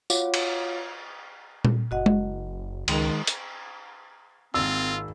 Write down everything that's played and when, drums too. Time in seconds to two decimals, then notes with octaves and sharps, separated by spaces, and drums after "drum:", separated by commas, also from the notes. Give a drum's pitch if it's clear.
0.10 F4 F#4 C#5 F5 F#5 D6, drum: tambourine
0.34 drum: cymbal
1.65 drum: tom A#2
1.91 F#1 F#4 D#5 F#5
2.06 drum: tom G#3
2.88 C#2 D#3 G#3 F7, drum: cymbal
3.27 drum: hi-hat
4.54 G#1 A#3 C4 F4 E6 A6